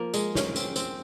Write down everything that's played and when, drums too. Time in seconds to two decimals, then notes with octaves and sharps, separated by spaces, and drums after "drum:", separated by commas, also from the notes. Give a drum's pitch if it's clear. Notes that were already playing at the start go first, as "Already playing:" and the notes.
Already playing: F3 A#3
0.14 G#3, drum: tambourine
0.35 C#4, drum: snare
0.56 C4, drum: tambourine
0.76 C4, drum: tambourine